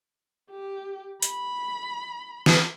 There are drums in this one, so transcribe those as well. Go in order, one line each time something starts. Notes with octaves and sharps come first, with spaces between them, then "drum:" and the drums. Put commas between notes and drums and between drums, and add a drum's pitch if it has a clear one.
G4
B5, drum: hi-hat
drum: snare